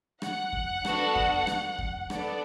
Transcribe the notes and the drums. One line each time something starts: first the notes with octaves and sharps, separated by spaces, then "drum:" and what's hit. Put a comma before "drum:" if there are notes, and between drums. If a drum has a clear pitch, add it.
F#5, drum: rim click
drum: kick F2
B3 D4 F#4 A4, drum: rim click
drum: kick F2
drum: rim click
drum: kick F2
B3 D4 A4 D5, drum: rim click